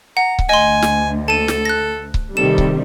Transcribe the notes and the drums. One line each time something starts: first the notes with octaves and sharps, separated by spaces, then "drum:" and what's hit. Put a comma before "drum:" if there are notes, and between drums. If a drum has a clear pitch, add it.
F#5 A#5
drum: kick C#1
D2 D#5 G#5 C6
drum: snare
A4 A5 D#7
drum: snare
F#6 A#6
drum: kick C#1
C3 D#3 G3 A4 E7
drum: kick C#1